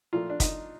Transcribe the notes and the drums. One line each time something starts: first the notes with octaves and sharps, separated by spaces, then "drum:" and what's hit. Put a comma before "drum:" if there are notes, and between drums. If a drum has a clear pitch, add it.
A#2 F3 A3 F4
D4
D#4, drum: kick, hi-hat